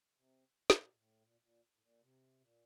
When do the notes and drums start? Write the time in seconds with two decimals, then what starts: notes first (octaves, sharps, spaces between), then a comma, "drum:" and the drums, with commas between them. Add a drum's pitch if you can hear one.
0.17 C3
0.70 A#2, drum: snare
0.91 A#2
0.96 A2
1.21 A#2
1.41 A#2
1.75 A2
1.81 A#2
2.01 C3
2.40 A#2